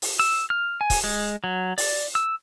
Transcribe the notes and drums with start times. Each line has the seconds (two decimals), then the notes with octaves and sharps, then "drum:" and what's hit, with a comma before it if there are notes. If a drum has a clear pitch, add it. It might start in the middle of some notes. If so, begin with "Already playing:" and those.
0.02 drum: open hi-hat
0.19 E6
0.50 F6
0.81 G#5
0.90 drum: kick, open hi-hat
1.04 G#3
1.44 F#3
1.78 D5, drum: open hi-hat
2.15 E6